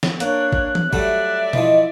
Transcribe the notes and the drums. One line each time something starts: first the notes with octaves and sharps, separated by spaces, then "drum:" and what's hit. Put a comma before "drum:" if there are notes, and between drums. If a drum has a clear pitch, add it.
drum: snare
A#3 D4 C#5 F#6, drum: hi-hat
drum: kick G#1
drum: tom E3
F#3 G3 A3 D5 E5, drum: kick G#1
E3 F3 D#5, drum: tom B2